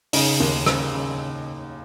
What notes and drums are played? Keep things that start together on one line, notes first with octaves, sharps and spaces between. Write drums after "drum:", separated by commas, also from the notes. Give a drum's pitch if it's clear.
C#3 D#4, drum: open hi-hat
D#2
C#3, drum: rim click
C#3